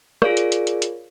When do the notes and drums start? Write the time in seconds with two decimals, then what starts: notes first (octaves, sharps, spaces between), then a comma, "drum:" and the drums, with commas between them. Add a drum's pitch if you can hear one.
0.22 F4 G#4 A#4 C#5 D5 F5, drum: rim click
0.37 drum: hi-hat
0.52 drum: hi-hat
0.67 drum: hi-hat
0.82 drum: hi-hat